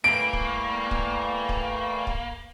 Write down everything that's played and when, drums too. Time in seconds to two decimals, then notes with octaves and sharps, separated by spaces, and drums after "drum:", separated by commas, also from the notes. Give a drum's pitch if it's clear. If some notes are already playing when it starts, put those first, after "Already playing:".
0.04 E3 G3 A3 A#3 D7
0.33 drum: kick
0.91 drum: kick
1.49 drum: kick
2.07 drum: kick